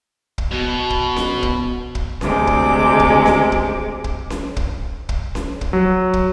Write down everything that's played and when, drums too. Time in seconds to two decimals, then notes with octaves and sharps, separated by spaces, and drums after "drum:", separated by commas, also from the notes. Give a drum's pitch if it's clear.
0.38 drum: kick
0.52 B2
0.90 drum: kick
1.16 drum: snare C#4
1.43 drum: kick
1.95 drum: kick
2.21 D2 C3 G#3 D6, drum: snare C#4
2.47 drum: kick
3.00 drum: kick
3.26 drum: snare C#4
3.52 drum: kick
4.04 drum: kick
4.30 drum: snare C#4
4.57 drum: kick
5.09 drum: kick
5.35 drum: snare C#4
5.61 drum: kick
5.73 F#3
6.13 drum: kick